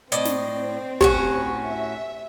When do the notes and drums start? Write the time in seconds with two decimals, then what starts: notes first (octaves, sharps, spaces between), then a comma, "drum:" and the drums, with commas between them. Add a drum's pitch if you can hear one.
0.12 A2 C4 D5 D#5, drum: hi-hat
0.25 drum: snare
1.01 A2 C#4 F#4 G4, drum: kick
1.67 E5